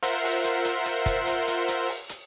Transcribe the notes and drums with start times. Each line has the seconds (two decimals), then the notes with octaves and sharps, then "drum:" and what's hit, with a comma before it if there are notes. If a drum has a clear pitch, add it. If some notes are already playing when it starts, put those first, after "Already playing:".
0.03 F4 A#4 C5 E5 F#5 C6, drum: hi-hat
0.23 drum: open hi-hat
0.44 drum: hi-hat
0.65 drum: hi-hat
0.85 drum: hi-hat
1.06 drum: kick, hi-hat
1.27 drum: hi-hat
1.47 drum: hi-hat
1.68 drum: hi-hat
1.89 drum: open hi-hat
2.09 drum: hi-hat